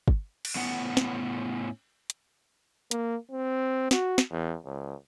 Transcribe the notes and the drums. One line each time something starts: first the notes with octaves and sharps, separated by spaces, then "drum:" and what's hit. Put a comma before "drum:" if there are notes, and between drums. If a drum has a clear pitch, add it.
drum: kick
drum: cymbal
A2 B3 C#4 F#5
drum: snare
drum: hi-hat
A#3, drum: hi-hat
C4
F#4, drum: snare
drum: snare
E2
C#2